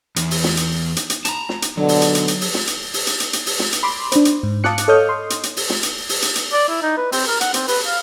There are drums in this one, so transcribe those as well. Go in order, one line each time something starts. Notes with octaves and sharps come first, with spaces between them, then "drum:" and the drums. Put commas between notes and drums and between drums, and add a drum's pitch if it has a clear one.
E2, drum: hi-hat
drum: open hi-hat
drum: snare
drum: hi-hat
drum: hi-hat
drum: hi-hat
A5 A#5, drum: hi-hat
drum: snare
drum: hi-hat
B2 D3 F#3
drum: open hi-hat
drum: hi-hat
drum: hi-hat
drum: hi-hat
drum: open hi-hat
drum: snare
drum: hi-hat
drum: open hi-hat
drum: hi-hat
drum: hi-hat
drum: hi-hat
drum: open hi-hat
drum: snare
drum: hi-hat
B5 C6 D6
D4 C5, drum: hi-hat
drum: hi-hat
G#2
F5 A5 D6 D#6 F#6 C#7, drum: snare
drum: hi-hat
A4 C#5 D#5 D#6 F6 G6
C6 D#6
drum: hi-hat
drum: hi-hat
drum: open hi-hat
drum: snare
drum: hi-hat
drum: open hi-hat
drum: hi-hat
drum: hi-hat
D5
E4
D#4
B4
C4, drum: open hi-hat
A#4
F#5, drum: hi-hat
C4, drum: hi-hat
B4, drum: open hi-hat
F5